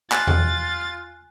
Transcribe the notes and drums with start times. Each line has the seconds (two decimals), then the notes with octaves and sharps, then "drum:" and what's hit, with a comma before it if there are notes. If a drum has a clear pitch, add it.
0.12 F4 G#5 F#6 A6, drum: clap
0.27 drum: tom E2